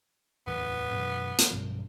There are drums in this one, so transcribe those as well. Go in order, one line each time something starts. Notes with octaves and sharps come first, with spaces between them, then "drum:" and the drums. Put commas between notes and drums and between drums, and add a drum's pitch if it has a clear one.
D1 E2 E3 B3
F#2 B2 E3
drum: hi-hat
B1 G2 F3